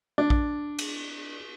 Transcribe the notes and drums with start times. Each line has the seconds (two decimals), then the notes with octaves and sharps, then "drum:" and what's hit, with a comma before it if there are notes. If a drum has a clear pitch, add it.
0.18 D4
0.30 drum: kick A#1
0.79 drum: cymbal